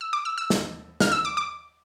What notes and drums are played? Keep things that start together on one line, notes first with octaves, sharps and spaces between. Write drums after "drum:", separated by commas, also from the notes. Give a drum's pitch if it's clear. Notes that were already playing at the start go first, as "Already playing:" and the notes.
E6
D6
E6
E6
drum: snare
F6, drum: snare
E6
D6
D6